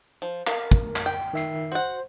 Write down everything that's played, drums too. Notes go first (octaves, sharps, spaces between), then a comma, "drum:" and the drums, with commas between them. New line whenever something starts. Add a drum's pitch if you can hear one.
F3
A#4 F5, drum: clap
drum: kick
drum: clap
G5
D#3 E5 C7
F#4 C5 F#5